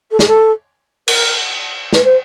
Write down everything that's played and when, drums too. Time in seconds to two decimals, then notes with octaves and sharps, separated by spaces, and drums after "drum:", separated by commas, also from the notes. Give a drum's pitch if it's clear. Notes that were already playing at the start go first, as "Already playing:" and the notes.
0.11 A4
0.19 G#4, drum: snare
0.27 A4
1.08 A#4, drum: cymbal
1.93 B4, drum: snare
2.04 C5